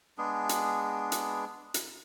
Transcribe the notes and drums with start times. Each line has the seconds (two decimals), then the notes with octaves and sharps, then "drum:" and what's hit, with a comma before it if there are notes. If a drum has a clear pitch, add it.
0.18 G#3 B3 D4 G#4
0.49 drum: hi-hat
1.12 drum: hi-hat
1.74 drum: hi-hat